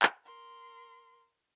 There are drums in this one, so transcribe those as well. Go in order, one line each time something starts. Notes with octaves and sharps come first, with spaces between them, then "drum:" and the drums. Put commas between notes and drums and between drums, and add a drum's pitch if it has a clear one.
drum: clap
A#4 C6